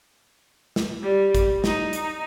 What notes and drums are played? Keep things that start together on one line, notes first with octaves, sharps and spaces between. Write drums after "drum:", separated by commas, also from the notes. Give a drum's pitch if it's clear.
drum: snare
G3
drum: kick, hi-hat
D#4, drum: snare
drum: hi-hat